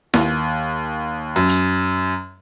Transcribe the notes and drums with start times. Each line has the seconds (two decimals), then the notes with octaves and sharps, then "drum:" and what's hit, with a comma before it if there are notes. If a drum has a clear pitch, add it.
0.14 D#2, drum: snare E4
1.36 F#2
1.49 drum: hi-hat